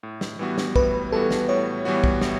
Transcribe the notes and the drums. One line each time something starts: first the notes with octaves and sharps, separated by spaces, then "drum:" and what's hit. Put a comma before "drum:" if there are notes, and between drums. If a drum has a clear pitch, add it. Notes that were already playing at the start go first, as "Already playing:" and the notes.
A2
drum: snare
E3 G3 B3 F#4
drum: snare
A2 B4, drum: kick
E3 G3 B3 F#4 A4
drum: snare
A2 C#5
E3 G3 B3 F#4
drum: kick
A2, drum: snare